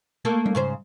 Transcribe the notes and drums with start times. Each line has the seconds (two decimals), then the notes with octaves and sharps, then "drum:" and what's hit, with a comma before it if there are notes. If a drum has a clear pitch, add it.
0.25 A3 A#3 A4
0.46 drum: tom G3
0.55 G#2 C#3 C5